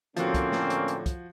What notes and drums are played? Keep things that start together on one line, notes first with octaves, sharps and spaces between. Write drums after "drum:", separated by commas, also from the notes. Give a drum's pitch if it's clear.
A1 A2 D3 F3 A#3 C4 C#4 F#4, drum: hi-hat
drum: kick, hi-hat
drum: snare
drum: hi-hat
drum: hi-hat
drum: kick, hi-hat